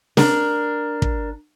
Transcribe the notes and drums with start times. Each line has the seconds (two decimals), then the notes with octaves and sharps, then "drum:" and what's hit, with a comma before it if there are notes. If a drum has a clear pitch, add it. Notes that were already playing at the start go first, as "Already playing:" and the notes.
0.17 D4 A#4, drum: snare
1.02 drum: kick